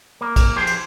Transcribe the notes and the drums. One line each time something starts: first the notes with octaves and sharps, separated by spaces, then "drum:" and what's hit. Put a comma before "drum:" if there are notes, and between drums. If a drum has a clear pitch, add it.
A#3
drum: kick, cymbal
F3 G4 G#4 C5
drum: cymbal